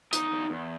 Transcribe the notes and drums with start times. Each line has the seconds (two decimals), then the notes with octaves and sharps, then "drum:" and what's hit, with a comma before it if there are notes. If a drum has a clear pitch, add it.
0.13 E2 D#4 D#5, drum: hi-hat
0.31 E2
0.50 E2